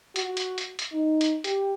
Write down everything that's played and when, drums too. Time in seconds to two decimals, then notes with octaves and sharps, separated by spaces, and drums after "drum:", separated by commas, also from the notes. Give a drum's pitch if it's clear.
0.16 F#4, drum: hi-hat
0.37 drum: hi-hat
0.58 drum: hi-hat
0.79 drum: hi-hat
0.92 D#4
1.21 drum: hi-hat
1.44 G4, drum: hi-hat